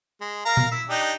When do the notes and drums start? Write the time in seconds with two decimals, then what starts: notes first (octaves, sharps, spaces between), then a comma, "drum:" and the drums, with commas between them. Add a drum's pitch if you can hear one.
0.21 G#3
0.46 A#4 F5 A#5
0.57 drum: tom A#2
0.71 E4 E5
0.89 D4 D#4 G4